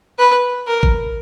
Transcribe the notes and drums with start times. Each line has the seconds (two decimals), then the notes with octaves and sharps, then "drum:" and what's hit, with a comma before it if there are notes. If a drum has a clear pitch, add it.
0.18 B4
0.67 A#4
0.83 drum: kick G#1